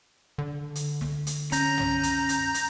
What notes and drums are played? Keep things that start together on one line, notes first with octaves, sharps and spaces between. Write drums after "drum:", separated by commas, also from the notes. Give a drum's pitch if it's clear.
D3
drum: hi-hat
drum: snare
drum: hi-hat
C#4 A#5 G6 A#6, drum: hi-hat
drum: tom
drum: hi-hat
drum: hi-hat
drum: hi-hat